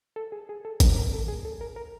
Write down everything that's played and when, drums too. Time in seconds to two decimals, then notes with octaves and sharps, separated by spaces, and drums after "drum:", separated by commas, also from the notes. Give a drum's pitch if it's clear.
0.16 A4
0.32 G#4
0.49 G#4
0.65 A4
0.80 A#4, drum: kick, hi-hat
0.96 A#4
1.13 A4
1.28 G#4
1.45 A4
1.61 A#4
1.76 A#4